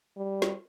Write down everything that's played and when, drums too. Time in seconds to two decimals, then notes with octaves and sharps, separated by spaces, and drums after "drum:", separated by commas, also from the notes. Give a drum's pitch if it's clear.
0.17 G3
0.42 drum: snare